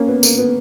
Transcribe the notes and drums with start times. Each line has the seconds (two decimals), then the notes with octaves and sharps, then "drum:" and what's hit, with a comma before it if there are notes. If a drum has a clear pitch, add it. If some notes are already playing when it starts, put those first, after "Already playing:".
Already playing: A#3 C#4
0.08 B3
0.23 A#3, drum: tambourine
0.38 B3